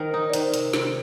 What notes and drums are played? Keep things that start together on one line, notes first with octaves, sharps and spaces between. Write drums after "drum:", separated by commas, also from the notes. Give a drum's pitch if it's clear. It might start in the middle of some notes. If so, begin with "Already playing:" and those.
Already playing: D#3 A#4 C5
D#4
D5
D#3 C5, drum: hi-hat
C3, drum: hi-hat
C3, drum: snare